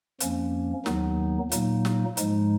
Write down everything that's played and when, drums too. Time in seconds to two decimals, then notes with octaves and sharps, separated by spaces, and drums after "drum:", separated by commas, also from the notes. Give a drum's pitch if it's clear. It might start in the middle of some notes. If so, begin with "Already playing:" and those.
0.20 F2 F3 A#3 C#4, drum: hi-hat
0.86 D#2 D#3 F#3 B3 D#4, drum: snare
1.52 A#2 F#3 A#3 D#4, drum: hi-hat
1.85 drum: snare
2.17 G#2 F3 G#3 D#4, drum: hi-hat